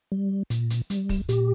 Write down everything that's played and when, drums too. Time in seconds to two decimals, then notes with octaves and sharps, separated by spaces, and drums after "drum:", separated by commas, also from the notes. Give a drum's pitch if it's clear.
0.12 G3
0.50 A#2, drum: hi-hat
0.70 drum: hi-hat
0.90 G3, drum: hi-hat
1.09 drum: kick, open hi-hat
1.29 A#2 G4, drum: hi-hat